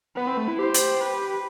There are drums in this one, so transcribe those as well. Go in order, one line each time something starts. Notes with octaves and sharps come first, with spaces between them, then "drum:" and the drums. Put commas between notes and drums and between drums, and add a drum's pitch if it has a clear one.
B3 B4
C4
A3
E4
G4 C5
drum: hi-hat
B4